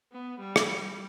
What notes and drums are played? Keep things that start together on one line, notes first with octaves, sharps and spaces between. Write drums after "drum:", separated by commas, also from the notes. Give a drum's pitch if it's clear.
B3
G3
drum: rim click